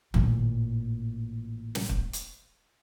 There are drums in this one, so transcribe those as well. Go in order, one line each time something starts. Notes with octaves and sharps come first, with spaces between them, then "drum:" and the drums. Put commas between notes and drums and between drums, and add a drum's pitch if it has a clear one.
A1 A#2, drum: tom D#3
drum: snare
drum: kick
drum: hi-hat